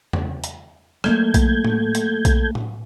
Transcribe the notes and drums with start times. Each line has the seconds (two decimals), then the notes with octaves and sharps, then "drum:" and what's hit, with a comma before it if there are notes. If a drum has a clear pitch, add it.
0.13 drum: tom E2
0.44 drum: hi-hat
1.04 F#3 A3 A#3 A4 G6 G#6, drum: rim click
1.34 drum: kick B1, hi-hat
1.65 drum: tom A2
1.95 drum: hi-hat
2.25 drum: kick B1, hi-hat
2.55 drum: tom A2